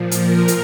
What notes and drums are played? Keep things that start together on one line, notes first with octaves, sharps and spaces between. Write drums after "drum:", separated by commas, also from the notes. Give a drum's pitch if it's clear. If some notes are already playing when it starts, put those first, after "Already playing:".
Already playing: A#2 F3
A#4, drum: hi-hat
drum: hi-hat